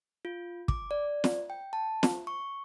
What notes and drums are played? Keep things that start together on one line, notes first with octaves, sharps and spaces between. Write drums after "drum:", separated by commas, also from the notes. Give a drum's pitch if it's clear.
F4
D6, drum: kick
D5
drum: snare
G5
A5
drum: snare
C#6